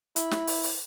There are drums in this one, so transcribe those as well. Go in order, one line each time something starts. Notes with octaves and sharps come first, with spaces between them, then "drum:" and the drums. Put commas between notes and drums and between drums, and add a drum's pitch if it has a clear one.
E4, drum: hi-hat
drum: snare
drum: open hi-hat
drum: open hi-hat